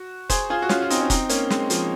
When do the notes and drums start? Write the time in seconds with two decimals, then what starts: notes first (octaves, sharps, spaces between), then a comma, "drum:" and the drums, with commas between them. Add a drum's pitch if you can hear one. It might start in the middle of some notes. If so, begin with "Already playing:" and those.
Already playing: F#4
0.30 G#4 C5, drum: kick F1, hi-hat
0.50 F4 G#4
0.62 F#4
0.69 C#4 F4, drum: snare
0.82 F4
0.90 C4 D#4, drum: hi-hat
1.01 C#4
1.10 C4 D#4, drum: kick F1, hi-hat
1.29 A#3 C#4, drum: hi-hat
1.50 G#3 C4, drum: snare
1.70 F3 G#3, drum: hi-hat